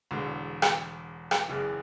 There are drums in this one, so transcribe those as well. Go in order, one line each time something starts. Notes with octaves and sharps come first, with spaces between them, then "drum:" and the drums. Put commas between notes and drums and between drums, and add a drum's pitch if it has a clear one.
E1 E2 D3
drum: rim click
drum: rim click
F#1 E2 C#3 E3